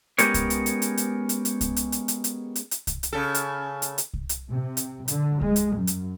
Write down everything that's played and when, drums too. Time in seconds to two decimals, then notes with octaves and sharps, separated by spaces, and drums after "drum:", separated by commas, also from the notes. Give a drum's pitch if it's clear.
0.18 G#3 B3 C#4 G4 A#4 C#5, drum: hi-hat
0.34 drum: kick C2, hi-hat
0.50 drum: hi-hat
0.66 drum: hi-hat
0.82 drum: hi-hat
0.97 drum: hi-hat
1.29 drum: hi-hat
1.45 drum: hi-hat
1.61 drum: kick C2, hi-hat
1.76 drum: hi-hat
1.92 drum: hi-hat
2.08 drum: hi-hat
2.24 drum: hi-hat
2.56 drum: hi-hat
2.71 drum: hi-hat
2.87 drum: kick C2, hi-hat
3.03 drum: hi-hat
3.13 C#3 A4
3.35 drum: hi-hat
3.82 drum: hi-hat
3.98 drum: hi-hat
4.14 drum: kick C2
4.29 drum: hi-hat
4.50 C3
4.77 drum: hi-hat
5.08 D3, drum: hi-hat
5.41 G#3, drum: kick C2
5.56 drum: hi-hat
5.75 F#2
5.87 drum: hi-hat